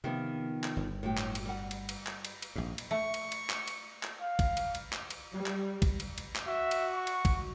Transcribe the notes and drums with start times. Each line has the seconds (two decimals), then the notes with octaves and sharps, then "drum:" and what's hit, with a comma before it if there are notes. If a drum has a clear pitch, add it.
0.04 C3 D#3 F3 B3
0.64 drum: clap
0.76 G1
1.03 A2 F#3 G4
1.17 drum: clap
1.35 drum: cymbal
1.46 G3 F#5
1.71 drum: cymbal
1.89 drum: cymbal
2.07 drum: clap
2.25 drum: cymbal
2.42 drum: cymbal
2.56 A#1 G#2
2.78 drum: cymbal
2.91 A3 C#6
3.14 drum: cymbal
3.32 drum: cymbal
3.50 drum: clap
3.67 drum: cymbal
4.03 drum: clap
4.21 F5
4.39 drum: kick, cymbal
4.57 drum: cymbal
4.75 drum: cymbal
4.93 drum: clap
5.10 drum: cymbal
5.33 G3
5.46 drum: clap
5.82 drum: kick, cymbal
6.00 drum: cymbal
6.18 drum: cymbal
6.36 drum: clap
6.48 F#4 E5
6.71 drum: cymbal
6.94 C#6
7.07 drum: cymbal
7.25 drum: kick, cymbal